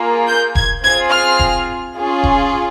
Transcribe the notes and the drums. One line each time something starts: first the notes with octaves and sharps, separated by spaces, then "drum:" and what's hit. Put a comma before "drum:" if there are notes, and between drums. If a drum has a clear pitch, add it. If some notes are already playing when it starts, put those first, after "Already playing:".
Already playing: A#3 F4 G#4
G6
G#6, drum: kick E1
C4 F4 G#4 G#6
F6
drum: kick E1
C#4 F4 G#4
drum: kick E1